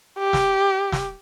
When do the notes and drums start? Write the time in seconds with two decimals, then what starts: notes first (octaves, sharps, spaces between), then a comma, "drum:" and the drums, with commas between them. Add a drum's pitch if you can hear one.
0.19 G4
0.33 drum: snare
0.92 drum: snare